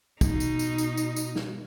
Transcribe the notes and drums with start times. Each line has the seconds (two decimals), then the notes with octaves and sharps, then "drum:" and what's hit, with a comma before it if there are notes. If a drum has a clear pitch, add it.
0.21 B2 D#4, drum: kick, tambourine
0.40 drum: tambourine
0.59 drum: tambourine
0.78 drum: tambourine
0.97 drum: tambourine
1.16 drum: tambourine
1.36 drum: snare